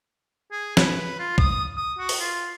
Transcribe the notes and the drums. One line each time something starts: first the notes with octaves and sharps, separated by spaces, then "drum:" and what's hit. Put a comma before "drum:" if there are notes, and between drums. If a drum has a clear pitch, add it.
G#4
B4, drum: snare
F4
D#6, drum: kick
D#6
F#4
drum: open hi-hat
F4